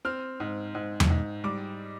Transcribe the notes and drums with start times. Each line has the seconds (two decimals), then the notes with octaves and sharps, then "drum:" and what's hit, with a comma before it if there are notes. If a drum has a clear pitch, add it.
0.05 C4 F6
0.40 G#2
0.75 G#2
1.00 drum: tom E2
1.10 G#2
1.44 G3 D6